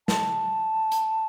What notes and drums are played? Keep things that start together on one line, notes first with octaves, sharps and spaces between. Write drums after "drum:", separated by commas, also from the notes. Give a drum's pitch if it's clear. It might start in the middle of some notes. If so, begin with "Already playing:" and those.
A5, drum: snare
drum: hi-hat